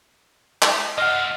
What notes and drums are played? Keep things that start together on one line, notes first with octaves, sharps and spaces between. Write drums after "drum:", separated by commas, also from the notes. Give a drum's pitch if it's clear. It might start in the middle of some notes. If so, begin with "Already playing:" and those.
drum: clap
A3 F4 D#5 F#5 F6